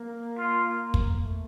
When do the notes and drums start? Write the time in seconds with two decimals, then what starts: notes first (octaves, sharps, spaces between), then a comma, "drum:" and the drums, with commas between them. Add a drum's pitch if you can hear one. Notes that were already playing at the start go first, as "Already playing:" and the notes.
Already playing: A#3
0.38 F4
0.94 drum: kick
1.13 A#3
1.22 A3